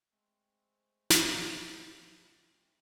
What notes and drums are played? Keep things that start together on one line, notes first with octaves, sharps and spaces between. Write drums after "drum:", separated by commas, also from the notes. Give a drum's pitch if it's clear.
G#3 A3 C4
drum: snare